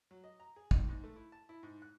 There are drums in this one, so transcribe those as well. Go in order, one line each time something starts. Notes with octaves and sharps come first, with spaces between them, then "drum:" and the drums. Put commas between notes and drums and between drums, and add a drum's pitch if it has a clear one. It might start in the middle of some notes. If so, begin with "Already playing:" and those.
F#3
D#5
A#5
G#4
D#3, drum: kick
G#2
A3
E4
A5
E4
G#2
F#6